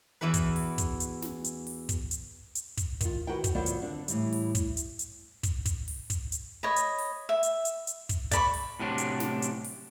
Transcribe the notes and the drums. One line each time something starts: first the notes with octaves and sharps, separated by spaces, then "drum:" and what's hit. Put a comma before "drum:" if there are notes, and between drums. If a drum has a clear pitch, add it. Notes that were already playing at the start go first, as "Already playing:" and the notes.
E2 E3 E4 F#4 B4
drum: kick, hi-hat
drum: open hi-hat
drum: kick, hi-hat
drum: hi-hat
drum: snare
drum: hi-hat
drum: open hi-hat
drum: kick, hi-hat
drum: hi-hat
drum: hi-hat
drum: kick, hi-hat
D#3 F4, drum: kick, hi-hat
D#3 E4 F#4 A#4 B4 G5
drum: kick, hi-hat
D#3 F#3 B3 F4 C5 D5
drum: hi-hat
D3 C4 D4
A2 E3 G3, drum: hi-hat
drum: open hi-hat
drum: kick, hi-hat
drum: hi-hat
drum: hi-hat
drum: kick, hi-hat
drum: kick, hi-hat
drum: open hi-hat
drum: kick, hi-hat
drum: hi-hat
C#5 D#5 B5
drum: hi-hat
drum: open hi-hat
E5
drum: hi-hat
drum: hi-hat
drum: hi-hat
drum: kick, hi-hat
D5 B5 C#6, drum: kick, hi-hat
drum: open hi-hat
A2 C3 F#3 D4
drum: hi-hat
drum: snare
drum: hi-hat
drum: open hi-hat